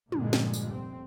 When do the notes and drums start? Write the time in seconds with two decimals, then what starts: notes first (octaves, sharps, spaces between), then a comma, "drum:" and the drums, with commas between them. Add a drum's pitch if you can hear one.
0.12 G2 A#2 D3 F3 G3 G#3, drum: tom
0.33 drum: snare
0.54 drum: tambourine
0.71 F1 C4